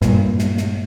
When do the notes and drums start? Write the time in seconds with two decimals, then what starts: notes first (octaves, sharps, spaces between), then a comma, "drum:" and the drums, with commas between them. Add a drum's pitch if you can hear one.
0.02 G2 A#2, drum: snare
0.39 drum: snare
0.57 drum: snare